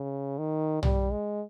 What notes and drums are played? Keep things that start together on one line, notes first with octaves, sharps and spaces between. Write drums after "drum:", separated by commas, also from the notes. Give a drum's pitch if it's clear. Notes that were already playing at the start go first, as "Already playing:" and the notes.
Already playing: C#3
D#3
G3, drum: tom
G#3